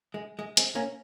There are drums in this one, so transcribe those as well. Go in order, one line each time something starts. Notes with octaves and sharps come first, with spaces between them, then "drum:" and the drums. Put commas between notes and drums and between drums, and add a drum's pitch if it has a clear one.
G#3
G#3
G#3 C4, drum: hi-hat
A#3 C#4